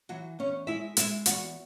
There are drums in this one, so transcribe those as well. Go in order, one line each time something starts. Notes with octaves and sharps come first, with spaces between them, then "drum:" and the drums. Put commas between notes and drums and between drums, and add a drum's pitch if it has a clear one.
E3 F#3 F#4
E2 C#4 C#5
G#3 E4 E5
G#3 E4 E5, drum: hi-hat
E2 F#4 F#5, drum: hi-hat